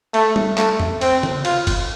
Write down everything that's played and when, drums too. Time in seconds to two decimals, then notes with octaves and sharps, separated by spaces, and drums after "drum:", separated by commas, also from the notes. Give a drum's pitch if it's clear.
0.14 A3, drum: cymbal
0.36 drum: tom G3
0.58 A3, drum: clap
0.80 drum: tom E2
1.01 C4, drum: cymbal
1.23 drum: tom C#3
1.45 F4, drum: cymbal
1.67 drum: kick F1, cymbal